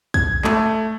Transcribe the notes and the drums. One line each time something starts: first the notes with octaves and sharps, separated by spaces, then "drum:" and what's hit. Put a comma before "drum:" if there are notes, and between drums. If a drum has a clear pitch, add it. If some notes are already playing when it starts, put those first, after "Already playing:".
G#6, drum: kick
A3, drum: clap